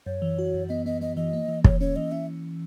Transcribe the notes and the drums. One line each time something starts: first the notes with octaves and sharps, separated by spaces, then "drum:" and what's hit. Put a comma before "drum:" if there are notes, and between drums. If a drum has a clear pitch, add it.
F#2 C#5
E3
F#4
F#2
B3 D#5
B3 D#5
B3 D#5
E3 D#5
A#3
E3
E3 C#5, drum: kick
C#4 C#5
E3 D#5
C#4 E5